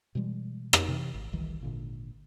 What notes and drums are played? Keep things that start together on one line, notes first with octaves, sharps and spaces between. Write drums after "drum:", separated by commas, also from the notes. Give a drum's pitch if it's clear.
B2 E3 G3 G#3
drum: rim click
C3 E3
G#1
F#1 C2 D#3 E3
G#1 A#2 D3